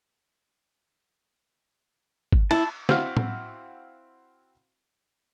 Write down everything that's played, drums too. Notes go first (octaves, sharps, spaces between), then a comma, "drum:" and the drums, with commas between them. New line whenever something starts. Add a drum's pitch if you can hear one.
drum: kick G1
E4 A5, drum: cymbal
C4 E4 F#4 F5, drum: snare
drum: tom A2